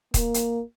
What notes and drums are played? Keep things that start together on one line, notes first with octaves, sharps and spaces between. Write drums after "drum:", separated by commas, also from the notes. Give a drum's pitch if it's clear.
A#3, drum: kick, hi-hat
drum: hi-hat